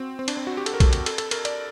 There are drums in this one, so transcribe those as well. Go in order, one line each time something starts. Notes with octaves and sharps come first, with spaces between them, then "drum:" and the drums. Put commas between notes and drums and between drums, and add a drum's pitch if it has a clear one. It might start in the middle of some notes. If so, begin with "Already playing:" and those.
Already playing: C4 F#4
C4
D4, drum: cymbal
C4
F#4
G4
A4, drum: cymbal
A#4
A4, drum: kick, cymbal
drum: cymbal
A4, drum: cymbal
A4, drum: cymbal
A#4, drum: cymbal
D5, drum: cymbal